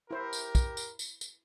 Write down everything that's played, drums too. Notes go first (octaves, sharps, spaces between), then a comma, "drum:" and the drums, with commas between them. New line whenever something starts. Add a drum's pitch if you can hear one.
E4 G4 A#4 C5
drum: tambourine
drum: kick, tambourine
drum: tambourine
drum: tambourine
drum: tambourine